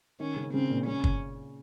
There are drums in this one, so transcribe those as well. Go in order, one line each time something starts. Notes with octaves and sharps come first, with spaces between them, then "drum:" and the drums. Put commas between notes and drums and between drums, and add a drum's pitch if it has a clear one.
D#3 C#4
C#3
C#3 C4
A#2
C#3 C#4
drum: kick